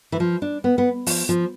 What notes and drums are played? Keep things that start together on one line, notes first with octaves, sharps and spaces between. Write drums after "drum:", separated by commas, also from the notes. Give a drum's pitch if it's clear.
E3
F3
D4
B3
B3
F3, drum: open hi-hat
F3